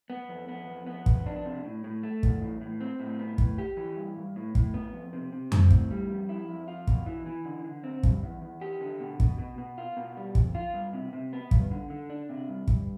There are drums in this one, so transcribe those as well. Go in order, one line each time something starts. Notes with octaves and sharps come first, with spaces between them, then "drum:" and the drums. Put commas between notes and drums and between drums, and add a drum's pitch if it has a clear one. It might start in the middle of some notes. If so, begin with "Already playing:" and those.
B3
F2
B3
F2
B3
F2, drum: kick
D4
C3
A2
A2
A3
E2, drum: kick
A2
A2
C4
A2
B3
A2, drum: kick
G4
E3
G2
G2
A2
A2, drum: kick
B3
F2
C3
C3
C4, drum: tom F2
A2, drum: kick
G3
F2
E4
F2
F4
B2, drum: kick
E3
E3
D3
D3
C4
G2, drum: kick
E2
E2
G4
D3
B2
B2, drum: kick
B2
B2
F4
B2
G3
F2, drum: kick
F4
G2
C3
C3
B3
G2, drum: kick
D3
D3
D4
C3
G2
G2, drum: kick